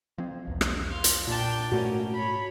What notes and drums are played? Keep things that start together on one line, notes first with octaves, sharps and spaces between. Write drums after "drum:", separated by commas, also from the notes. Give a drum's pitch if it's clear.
F3 C4
B1 E2
drum: rim click
F5 C6
drum: hi-hat
A#2 D4 G5 A5
G#2 A3 A#3 C#4 F#4
C#5 B5